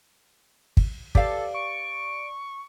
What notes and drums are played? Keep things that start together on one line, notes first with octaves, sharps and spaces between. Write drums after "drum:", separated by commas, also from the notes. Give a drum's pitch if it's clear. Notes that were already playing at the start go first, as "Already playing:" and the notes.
drum: kick
G4 A4 B4 D5 F5, drum: kick
C#6 D7